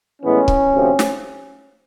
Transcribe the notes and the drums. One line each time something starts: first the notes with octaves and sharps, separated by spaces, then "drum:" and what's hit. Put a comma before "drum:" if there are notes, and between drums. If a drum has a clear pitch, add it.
A2 E3 G#3 B3 C#4
drum: kick
D2 C3 F3
drum: snare